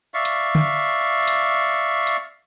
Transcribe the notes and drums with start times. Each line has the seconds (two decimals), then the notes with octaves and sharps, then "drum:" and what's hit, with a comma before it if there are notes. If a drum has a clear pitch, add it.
0.14 D5 E5 F5 C#6
0.25 drum: hi-hat
0.55 drum: tom D3
1.28 drum: hi-hat
2.07 drum: hi-hat